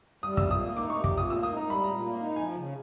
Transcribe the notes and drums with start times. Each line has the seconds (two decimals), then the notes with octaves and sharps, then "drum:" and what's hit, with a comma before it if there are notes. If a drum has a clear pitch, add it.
0.23 G3 D#6
0.37 A#2 E6, drum: kick
0.51 D#6
0.59 A#3
0.76 D#4 D6
0.90 C#6
0.95 G3
1.04 D6, drum: kick
1.12 A#2
1.17 D#6
1.30 A#3 E6
1.43 D#6
1.48 D#4
1.57 A#5
1.66 G3 B5
1.84 A#2 A#5
2.01 A#3
2.19 D#4
2.36 F3 G#5
2.55 C#3